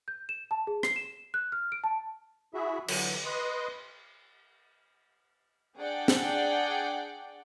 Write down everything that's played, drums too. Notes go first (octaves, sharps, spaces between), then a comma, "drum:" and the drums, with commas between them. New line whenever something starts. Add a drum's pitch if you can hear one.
G6
E7
A5
G#4
C7, drum: rim click
E7
F#6
F6
D7
A5
E4 F#4 G#4 E5
D3 E3 F#3, drum: cymbal
B4 D#5 C6
D4 G#4 D5 F#5 G5
drum: snare